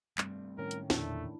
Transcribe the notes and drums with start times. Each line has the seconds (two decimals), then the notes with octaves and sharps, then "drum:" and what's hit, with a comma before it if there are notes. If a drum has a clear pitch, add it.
0.18 G2 G3 A3 C4, drum: clap
0.58 A2 D#3 C#4 A#4
0.71 drum: hi-hat
0.90 E2 A#2 D3 A3 D4 E4, drum: snare